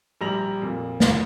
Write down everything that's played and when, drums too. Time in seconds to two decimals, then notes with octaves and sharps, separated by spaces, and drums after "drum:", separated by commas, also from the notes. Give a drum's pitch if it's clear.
0.21 A#1 G3 A#5 A#6 F7 F#7
0.62 F2 A#2
1.00 A6, drum: snare